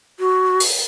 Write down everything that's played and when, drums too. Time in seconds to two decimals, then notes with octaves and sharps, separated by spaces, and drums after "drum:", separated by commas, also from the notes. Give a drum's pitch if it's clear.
0.20 F#4
0.60 drum: open hi-hat